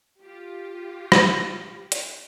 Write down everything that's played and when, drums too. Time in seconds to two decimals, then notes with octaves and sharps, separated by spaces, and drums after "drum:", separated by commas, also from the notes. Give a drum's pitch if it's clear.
0.21 F4 G4
1.12 drum: rim click
1.92 drum: hi-hat